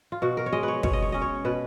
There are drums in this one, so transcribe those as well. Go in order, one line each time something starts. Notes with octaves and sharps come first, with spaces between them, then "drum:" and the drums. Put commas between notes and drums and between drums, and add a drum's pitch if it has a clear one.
F4
B2 F#4
A#4
C#5
G#3 D#5
B4 C#5
B2 C#5, drum: kick
D#5
C#5
C#4 D#5
C#5
B2 B4